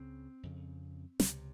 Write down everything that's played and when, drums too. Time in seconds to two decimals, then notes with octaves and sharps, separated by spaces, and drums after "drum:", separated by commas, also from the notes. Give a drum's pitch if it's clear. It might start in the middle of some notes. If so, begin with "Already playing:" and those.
Already playing: C#2 C#3 C4
0.43 F2 C#3
1.20 C#2 C3, drum: snare